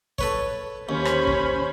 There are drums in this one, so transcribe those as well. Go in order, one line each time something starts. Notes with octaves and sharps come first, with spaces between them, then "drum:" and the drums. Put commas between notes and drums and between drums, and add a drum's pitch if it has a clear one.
A4 B4 C#5, drum: kick
D#2 C#4 C5 B5
drum: rim click
drum: kick